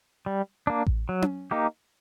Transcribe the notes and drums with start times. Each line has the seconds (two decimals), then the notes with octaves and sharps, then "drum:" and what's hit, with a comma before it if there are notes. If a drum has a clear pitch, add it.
0.26 G3
0.67 A#3 D4
0.87 drum: kick A1
1.09 F#3
1.22 drum: tom C#4
1.51 A#3 D#4 G4